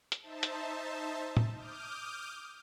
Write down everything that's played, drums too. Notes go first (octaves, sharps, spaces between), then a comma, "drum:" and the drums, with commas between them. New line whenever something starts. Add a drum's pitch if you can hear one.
drum: hi-hat
D#4 C5 E5 A5
drum: hi-hat
drum: tom A2
D6 D#6 F6 G6